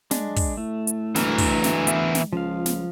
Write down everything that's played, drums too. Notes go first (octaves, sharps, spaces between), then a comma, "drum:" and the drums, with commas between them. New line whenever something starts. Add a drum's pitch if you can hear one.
G#3 D4, drum: snare
drum: kick, open hi-hat
A2 A3
drum: hi-hat
D2 E3 A#4, drum: snare
drum: kick, open hi-hat
drum: snare
B3 E5, drum: hi-hat
drum: snare
C#2 F3 F5
drum: snare